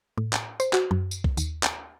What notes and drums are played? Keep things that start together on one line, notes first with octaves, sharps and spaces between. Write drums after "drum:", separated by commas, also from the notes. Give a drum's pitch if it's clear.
A2
drum: clap
C5, drum: tambourine
F#4, drum: clap
F#2
drum: tambourine
drum: kick B1
D#2, drum: tambourine
drum: clap